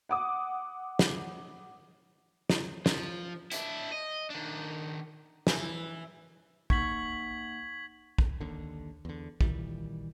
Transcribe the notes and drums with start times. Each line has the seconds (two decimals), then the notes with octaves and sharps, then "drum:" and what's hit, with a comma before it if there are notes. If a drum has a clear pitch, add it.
0.09 F#5 D6 D#6
0.99 drum: snare
2.50 drum: snare
2.86 F3, drum: snare
3.52 D4 E4, drum: hi-hat
3.92 D#5
4.30 D#3 D4
5.47 E3, drum: snare
6.70 A#3 D#4 F#5 C#6 G#6 B6 F#7, drum: kick
8.18 drum: kick
8.41 D#2 D3
9.05 E2 D3
9.41 A#2 D#3 E3 G3, drum: kick